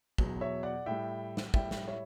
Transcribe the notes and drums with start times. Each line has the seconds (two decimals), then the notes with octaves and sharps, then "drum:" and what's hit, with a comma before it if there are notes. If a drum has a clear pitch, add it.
0.18 E2 B2 F#3, drum: kick
0.41 C#5 E5
0.63 D5 F#5
0.86 A2 G3 E5 G5
1.37 drum: snare
1.54 A2 G3 E5 G5, drum: kick
1.71 drum: snare
1.88 C#5 E5